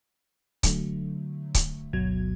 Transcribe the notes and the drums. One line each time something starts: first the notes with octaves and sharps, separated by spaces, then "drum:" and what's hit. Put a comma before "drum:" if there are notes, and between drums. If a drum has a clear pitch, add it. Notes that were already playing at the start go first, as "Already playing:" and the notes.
D3 F#3 A3, drum: kick C#1, hi-hat
drum: kick C#1, hi-hat
G1 D2 B2 F#3 G#6